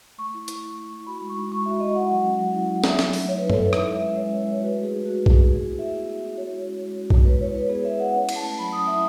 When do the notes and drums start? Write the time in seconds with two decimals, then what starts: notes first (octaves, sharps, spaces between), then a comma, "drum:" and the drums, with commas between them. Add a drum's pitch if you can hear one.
0.18 A3 C#6
0.34 E4
0.48 E4, drum: hi-hat
0.62 A3
0.77 A3
0.93 E4
1.07 F#4 B5
1.21 G#3
1.30 C#6
1.36 D#4
1.51 G#3 C#6
1.66 F#4 E5
1.80 G#3 D#5
1.95 E4 F#5
2.10 F#3
2.25 C#4
2.39 F#3
2.55 E4
2.69 F#3
2.84 D#4 E5, drum: snare
2.99 F#3, drum: snare
3.13 A3, drum: open hi-hat
3.28 F#3 C#5
3.38 B4
3.43 D#4
3.50 A4, drum: tom F#2
3.57 F#3 B4
3.73 E4 E5, drum: rim click
3.87 G#3
3.95 E5
4.01 C#4
4.16 G#3 C#5
4.31 E4
4.38 C#5
4.45 G#3
4.61 F#4 B4
4.75 A3
4.83 G#4
4.90 D#4
5.05 A3 F#4
5.20 F#4
5.26 G#4, drum: kick B1
5.34 A3
5.49 B3 G#4
5.63 E4
5.78 E4 E5
5.94 B3
6.08 B3
6.22 E4
6.37 F#4 C#5
6.53 G#3
6.66 C#4
6.81 G#3
6.97 F#4
7.10 G#3, drum: kick B1
7.25 B3 B4
7.40 E4 C#5
7.55 E4 B4
7.69 B3 G#4
7.85 B3 E5
7.99 E4 F#5
8.13 C#4
8.29 E4, drum: cymbal
8.36 A5
8.43 A3
8.59 F#3 B5
8.73 C#4 D#6
8.87 E4 E5